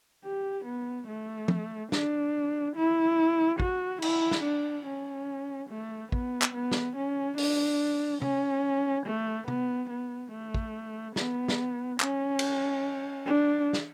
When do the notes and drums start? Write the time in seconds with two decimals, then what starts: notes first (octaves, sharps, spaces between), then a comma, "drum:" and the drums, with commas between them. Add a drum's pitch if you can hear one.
0.24 G4
0.65 B3
1.07 A3
1.48 drum: tom
1.92 D4, drum: snare
2.76 E4
3.60 F#4, drum: kick
4.02 E4, drum: cymbal
4.31 drum: snare
4.44 D4
4.86 C#4
5.70 A3
6.12 B3, drum: kick
6.42 drum: clap
6.54 B3
6.71 drum: snare
6.96 C#4
7.38 D4, drum: open hi-hat
8.22 C#4, drum: tom
9.06 A3
9.48 B3, drum: tom
9.90 B3
10.32 A3
10.54 drum: kick
11.16 B3, drum: snare
11.48 drum: snare
12.00 C#4, drum: clap
12.39 drum: cymbal
13.26 D4
13.73 drum: snare